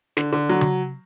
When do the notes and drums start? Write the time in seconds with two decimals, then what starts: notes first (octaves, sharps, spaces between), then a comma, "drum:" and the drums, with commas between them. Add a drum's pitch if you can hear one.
0.17 D3, drum: snare
0.33 D3
0.49 F#3
0.61 drum: tom C#3